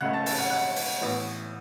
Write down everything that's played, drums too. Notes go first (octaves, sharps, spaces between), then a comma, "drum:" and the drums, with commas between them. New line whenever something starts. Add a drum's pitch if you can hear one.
C#2 C#3 A3 F#5 F#6
A5 A6
A5 A6, drum: open hi-hat
F#5 F#6
F#5 F#6
drum: open hi-hat
A1 A2 E3 B3